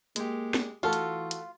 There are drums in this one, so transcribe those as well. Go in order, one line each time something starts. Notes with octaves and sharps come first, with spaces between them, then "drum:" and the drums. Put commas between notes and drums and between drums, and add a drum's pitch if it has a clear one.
G#3 A#3 G4, drum: hi-hat
drum: snare
E3 A3 F4 F#4 A4
drum: hi-hat
drum: hi-hat